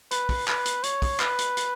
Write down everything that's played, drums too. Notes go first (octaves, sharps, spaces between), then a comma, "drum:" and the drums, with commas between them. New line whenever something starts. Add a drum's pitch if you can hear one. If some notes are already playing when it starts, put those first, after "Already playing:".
B4, drum: hi-hat
drum: kick, open hi-hat
B4, drum: clap
drum: hi-hat
C#5, drum: hi-hat
drum: kick, open hi-hat
B4, drum: clap
drum: hi-hat
drum: hi-hat